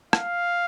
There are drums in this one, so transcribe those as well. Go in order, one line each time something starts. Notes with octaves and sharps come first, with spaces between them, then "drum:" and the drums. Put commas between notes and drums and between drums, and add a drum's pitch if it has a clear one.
F5, drum: rim click